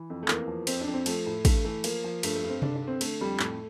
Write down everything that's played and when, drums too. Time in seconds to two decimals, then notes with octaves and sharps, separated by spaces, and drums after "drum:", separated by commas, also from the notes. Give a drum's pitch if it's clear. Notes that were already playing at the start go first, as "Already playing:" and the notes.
Already playing: E3
0.10 F2
0.23 A3
0.28 E2 A#3, drum: clap
0.48 F3
0.67 F2 C4, drum: cymbal
0.81 D4
0.88 F2
0.94 C4
1.06 F3 A3, drum: cymbal
1.26 A2
1.45 G2 A3, drum: kick, cymbal
1.64 E3 A3
1.84 F3 A#3, drum: cymbal
2.04 F3
2.23 G2 A3, drum: cymbal
2.36 A3
2.43 G2
2.49 C4
2.62 D3 D4, drum: tom C3
2.76 D4
2.82 D3
2.87 C4
3.01 D3 A3, drum: cymbal
3.21 F2 G3
3.40 A2 A3, drum: clap